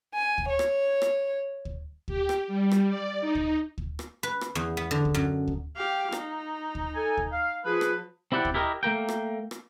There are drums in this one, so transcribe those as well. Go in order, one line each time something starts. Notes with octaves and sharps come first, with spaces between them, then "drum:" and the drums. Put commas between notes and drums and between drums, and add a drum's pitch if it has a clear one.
G#5
drum: kick
C#5
drum: rim click
drum: rim click
drum: kick
G4, drum: kick
drum: rim click
G3
drum: rim click
D5
D#4
drum: kick
drum: kick
drum: rim click
B4
drum: rim click
E2
B3
D3
drum: kick
F#2
drum: kick
G4 F5
D#4, drum: rim click
drum: kick
A4 G#5
drum: kick
F5
F3 G#4 B4
drum: rim click
C4 E4 G4 D5 F#5
drum: kick
E4 G4 A#4 C#5 D#5
A3 A#3 A#4 G5
drum: rim click
drum: rim click